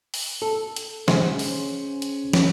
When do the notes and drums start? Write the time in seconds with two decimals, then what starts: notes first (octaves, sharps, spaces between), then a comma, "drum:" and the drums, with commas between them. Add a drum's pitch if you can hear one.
0.14 drum: open hi-hat
0.42 A4
0.76 drum: hi-hat
1.08 G#2 C3 C#4 G#4 C5, drum: snare
1.39 drum: open hi-hat
2.02 drum: hi-hat
2.33 drum: snare